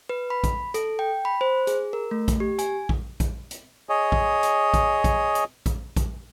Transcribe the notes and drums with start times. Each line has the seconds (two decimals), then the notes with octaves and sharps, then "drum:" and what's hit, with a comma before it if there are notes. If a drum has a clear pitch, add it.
0.09 B4
0.30 B5
0.44 drum: kick A#1, hi-hat
0.74 A4, drum: hi-hat
0.99 G5
1.25 B5
1.41 C5
1.67 G#4, drum: hi-hat
1.93 A#4
2.11 A3
2.28 drum: kick A#1, hi-hat
2.40 G4
2.59 G#5, drum: hi-hat
2.89 drum: kick A#1
3.20 drum: kick A#1, hi-hat
3.51 drum: hi-hat
3.89 G#4 C#5 D#5
4.12 drum: kick A#1
4.43 drum: hi-hat
4.74 drum: kick A#1, hi-hat
5.04 drum: kick A#1, hi-hat
5.35 drum: hi-hat
5.66 drum: kick A#1, hi-hat
5.96 drum: kick A#1, hi-hat